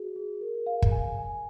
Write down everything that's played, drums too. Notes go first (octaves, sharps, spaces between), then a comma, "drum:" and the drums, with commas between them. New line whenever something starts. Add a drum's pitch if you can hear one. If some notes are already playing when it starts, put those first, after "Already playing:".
Already playing: F#4 G#4
G#4
A#4
F5
drum: kick
G#5
G#5